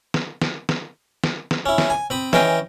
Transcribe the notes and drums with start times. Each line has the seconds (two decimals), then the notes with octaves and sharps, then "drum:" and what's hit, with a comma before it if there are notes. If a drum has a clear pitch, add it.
0.14 drum: snare
0.42 drum: snare
0.69 drum: snare
1.24 drum: snare
1.51 drum: snare
1.66 C#4 E4
1.78 drum: snare
1.90 G#5
2.10 C4 B5 D#6
2.33 E3 C#4 D#5 G5, drum: snare